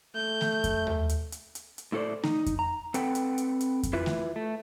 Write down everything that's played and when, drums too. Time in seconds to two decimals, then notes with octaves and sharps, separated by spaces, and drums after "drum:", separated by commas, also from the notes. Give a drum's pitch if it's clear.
0.16 A3 G6
0.41 drum: snare A3
0.64 drum: kick F2, hi-hat
0.87 drum: tom D#2
1.09 drum: hi-hat
1.32 drum: hi-hat
1.55 drum: hi-hat
1.78 drum: hi-hat
1.92 A2 E4 A4 C5 D5
2.24 D#4, drum: snare A3
2.46 drum: kick F2, hi-hat
2.59 A#5
2.94 C4 A4 B4 F#5 G5, drum: hi-hat
3.15 drum: hi-hat
3.38 drum: hi-hat
3.61 drum: hi-hat
3.83 drum: kick F2, hi-hat
3.93 E4 F4 B4 E5
4.06 drum: snare A3
4.36 A3